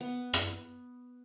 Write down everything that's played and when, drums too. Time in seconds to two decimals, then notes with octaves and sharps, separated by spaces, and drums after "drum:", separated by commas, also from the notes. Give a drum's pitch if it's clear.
0.01 B3
0.33 drum: rim click